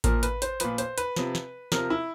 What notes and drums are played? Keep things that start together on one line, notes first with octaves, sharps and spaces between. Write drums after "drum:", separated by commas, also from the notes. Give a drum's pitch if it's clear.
A#2 F3 A#4, drum: kick A1, hi-hat
B4, drum: hi-hat
C5, drum: hi-hat
A#2 F3 B4, drum: hi-hat
C5, drum: hi-hat
B4, drum: hi-hat
C3 F3, drum: snare
drum: snare
C3 F3 A#4, drum: snare
E4